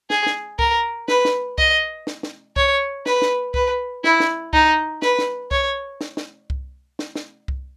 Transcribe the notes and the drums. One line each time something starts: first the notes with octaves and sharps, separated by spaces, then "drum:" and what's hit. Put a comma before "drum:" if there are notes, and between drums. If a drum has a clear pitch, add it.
G#4, drum: snare
drum: snare
A#4, drum: kick C2
B4, drum: snare
drum: snare
D#5, drum: kick C2
drum: snare
drum: snare
C#5, drum: kick C2
B4, drum: snare
drum: snare
B4, drum: kick C2
E4, drum: snare
drum: snare
D#4, drum: kick C2
B4, drum: snare
drum: snare
C#5, drum: kick C2
drum: snare
drum: snare
drum: kick C2
drum: snare
drum: snare
drum: kick C2